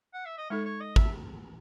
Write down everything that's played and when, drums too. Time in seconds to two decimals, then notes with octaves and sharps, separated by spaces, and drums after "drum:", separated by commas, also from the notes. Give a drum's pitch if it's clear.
0.14 F#5
0.26 E5
0.38 D#5
0.50 G#3 D#4 A4 C#5
0.66 C#5
0.81 D#5
0.96 E5, drum: kick